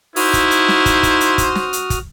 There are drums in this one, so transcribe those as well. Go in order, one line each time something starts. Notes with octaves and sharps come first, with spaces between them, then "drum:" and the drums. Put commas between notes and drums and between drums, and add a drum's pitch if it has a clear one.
D#4 E4 F#4 C5 D#6 F6, drum: open hi-hat
drum: kick, hi-hat
drum: hi-hat
drum: snare
drum: kick, hi-hat
drum: kick, hi-hat
drum: hi-hat
drum: kick, hi-hat
drum: snare
drum: hi-hat
drum: kick, hi-hat